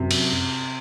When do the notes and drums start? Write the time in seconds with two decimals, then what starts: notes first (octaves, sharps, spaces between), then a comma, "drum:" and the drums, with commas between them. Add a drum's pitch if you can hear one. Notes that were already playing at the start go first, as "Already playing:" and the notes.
Already playing: F#2 C3
0.11 drum: cymbal